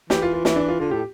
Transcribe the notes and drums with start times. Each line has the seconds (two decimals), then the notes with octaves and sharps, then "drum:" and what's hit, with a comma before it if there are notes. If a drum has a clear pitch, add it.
0.10 E3 G4, drum: snare
0.22 F4
0.34 F4
0.45 E3 E4, drum: snare
0.56 D4
0.68 F4
0.80 D3 F4
0.91 A2 G4